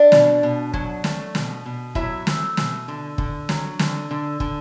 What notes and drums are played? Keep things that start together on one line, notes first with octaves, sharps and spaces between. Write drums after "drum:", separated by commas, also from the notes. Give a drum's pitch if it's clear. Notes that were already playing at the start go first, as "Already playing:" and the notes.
Already playing: D4 D5
B2, drum: snare
B2
F#3, drum: kick
A3, drum: snare
B2, drum: snare
B2
F#3 E4 E5, drum: kick
A3, drum: snare
B2, drum: snare
D3
D3, drum: kick
F#3, drum: snare
D3, drum: snare
D3
D3, drum: kick